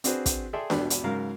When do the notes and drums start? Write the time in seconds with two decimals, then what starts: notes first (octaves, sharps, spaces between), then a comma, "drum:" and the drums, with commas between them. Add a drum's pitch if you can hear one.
0.04 C4 D4 F#4 G#4 B4 C5, drum: hi-hat
0.26 drum: kick, hi-hat
0.53 G#4 A4 D5 E5 G5 C6
0.70 G#1 E2 B2 D4 G4 B4, drum: snare D4
0.90 drum: hi-hat
1.04 G#2 C#3 F#3 A#4 F5